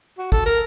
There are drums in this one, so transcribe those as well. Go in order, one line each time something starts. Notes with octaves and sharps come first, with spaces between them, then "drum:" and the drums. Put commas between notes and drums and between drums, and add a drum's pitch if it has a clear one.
F#4
A4, drum: kick
A#4